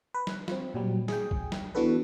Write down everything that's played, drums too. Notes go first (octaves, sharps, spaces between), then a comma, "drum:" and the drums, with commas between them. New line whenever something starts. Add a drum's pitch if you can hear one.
B4
drum: snare
C4 F4, drum: snare
A#2 F#3 G3
G#4 G5, drum: snare
drum: kick
drum: snare
E3 B3 D4 F#4 A4 B4